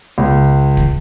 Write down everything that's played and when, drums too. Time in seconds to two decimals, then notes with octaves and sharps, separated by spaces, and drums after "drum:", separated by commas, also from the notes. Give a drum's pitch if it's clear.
0.18 C#2
0.77 drum: kick